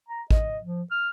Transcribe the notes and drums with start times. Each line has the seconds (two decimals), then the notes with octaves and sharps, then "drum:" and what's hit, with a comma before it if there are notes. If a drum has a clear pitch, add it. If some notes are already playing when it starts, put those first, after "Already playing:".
0.09 A#5
0.31 D#5, drum: kick A1
0.64 F3
0.91 F6